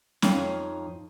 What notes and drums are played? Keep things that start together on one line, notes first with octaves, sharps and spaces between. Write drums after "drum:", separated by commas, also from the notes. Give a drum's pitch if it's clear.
F2 D#4 C#5 F5, drum: snare